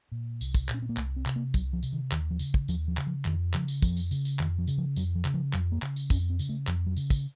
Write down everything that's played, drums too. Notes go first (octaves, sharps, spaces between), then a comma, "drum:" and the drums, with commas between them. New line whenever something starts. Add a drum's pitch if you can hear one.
A#2
C2, drum: tambourine
drum: kick, tambourine
A#2, drum: clap
C#4
C4
A#3
C2 A3, drum: clap
C4
C3, drum: clap
A#3
C2 F#3, drum: kick, tambourine
F3
C3, drum: tambourine
D#3
D#2 D#3, drum: clap
F3
C#3, drum: tambourine
drum: kick
D#2 F3, drum: tambourine
F3
C#3, drum: clap
F3
F2 D#3, drum: clap
C#3 F3, drum: clap
drum: tambourine
F2 F3, drum: kick, tambourine
drum: tambourine
C#3, drum: tambourine
drum: tambourine
F2 D#3, drum: clap
F3
C#3, drum: tambourine
F3
F2 F#3, drum: tambourine
F3
C#3, drum: clap
F3
F2 F#3, drum: clap
A#3
C#3, drum: clap
drum: tambourine
F2 C#4, drum: kick, tambourine
C4
C#3, drum: tambourine
A3
F2 F3, drum: clap
F#3
C#3, drum: tambourine
drum: kick, tambourine